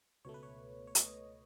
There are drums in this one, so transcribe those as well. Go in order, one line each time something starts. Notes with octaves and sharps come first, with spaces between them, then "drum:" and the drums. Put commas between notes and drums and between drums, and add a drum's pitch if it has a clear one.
C#2 B2 A3 C#5
B4
C#5
C#5
D#5, drum: hi-hat